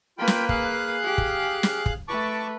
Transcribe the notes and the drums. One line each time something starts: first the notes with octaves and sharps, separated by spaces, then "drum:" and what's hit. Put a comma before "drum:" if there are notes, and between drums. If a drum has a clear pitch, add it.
A#3 F4 B4 G5 B5
drum: snare
G#4 F5 F#6, drum: kick
G4
drum: kick
drum: snare
drum: kick
A3 B4 A5 C#6 D6